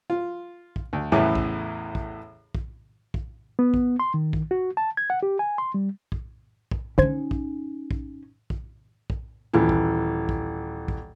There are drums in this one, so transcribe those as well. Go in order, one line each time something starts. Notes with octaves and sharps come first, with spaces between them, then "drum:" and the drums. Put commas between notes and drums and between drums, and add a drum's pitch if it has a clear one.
F4
drum: kick
D2
A1 E2 A2 C#3 E3
drum: kick
drum: kick
drum: kick
drum: kick
B3
drum: kick
C6
D#3
drum: kick
F#4
A5
G#6
F#5
G4
G#5
C6
G3
drum: kick
drum: kick
D3 C#4 D#4 C5 G#6
drum: kick
drum: kick
drum: kick
drum: kick
D#1 E3
drum: kick
drum: kick
drum: kick